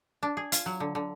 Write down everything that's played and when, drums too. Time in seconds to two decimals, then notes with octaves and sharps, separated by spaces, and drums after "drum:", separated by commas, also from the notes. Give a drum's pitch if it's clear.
0.23 D4
0.37 G#4
0.52 F4, drum: hi-hat
0.66 F#3
0.80 D3
0.95 D3